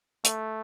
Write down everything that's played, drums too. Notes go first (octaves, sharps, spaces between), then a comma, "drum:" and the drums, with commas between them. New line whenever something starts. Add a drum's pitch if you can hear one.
A3, drum: hi-hat